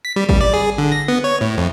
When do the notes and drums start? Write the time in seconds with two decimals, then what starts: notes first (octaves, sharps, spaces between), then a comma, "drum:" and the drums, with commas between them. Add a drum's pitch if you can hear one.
0.05 B6
0.16 G3
0.29 G3, drum: kick G#1
0.41 D5
0.53 G#4
0.78 D3
0.92 A#6
1.08 B3
1.24 C#5
1.41 A2
1.58 F2